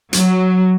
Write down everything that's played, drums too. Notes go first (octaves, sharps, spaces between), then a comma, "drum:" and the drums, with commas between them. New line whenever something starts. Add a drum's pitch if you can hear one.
F#3, drum: hi-hat